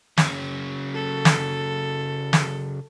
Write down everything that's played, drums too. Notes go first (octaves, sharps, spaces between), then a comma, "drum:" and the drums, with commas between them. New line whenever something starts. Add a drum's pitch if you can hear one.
C#3 F#3, drum: snare
A4
drum: snare
drum: snare